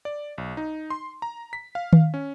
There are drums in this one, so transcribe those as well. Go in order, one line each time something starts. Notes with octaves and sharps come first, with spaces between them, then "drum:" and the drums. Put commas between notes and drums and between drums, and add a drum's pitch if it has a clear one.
D5
B1
D#4
C6
A#5
B6
F5
drum: tom D#3
C#4